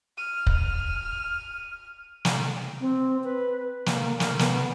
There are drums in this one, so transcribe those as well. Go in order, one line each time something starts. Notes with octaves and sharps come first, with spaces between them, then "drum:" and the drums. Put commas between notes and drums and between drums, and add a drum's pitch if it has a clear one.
F6 D#7
drum: kick
drum: snare
C4
B4
A#3, drum: snare
A#4, drum: snare
B3, drum: snare